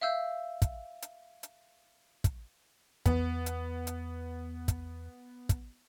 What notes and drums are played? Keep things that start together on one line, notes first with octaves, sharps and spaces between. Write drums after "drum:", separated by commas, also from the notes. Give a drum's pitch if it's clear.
E5 F5 E6 G6
drum: kick, hi-hat
drum: hi-hat
drum: hi-hat
drum: kick, hi-hat
E2 B3, drum: kick, hi-hat
drum: hi-hat
drum: hi-hat
drum: kick, hi-hat
drum: kick, hi-hat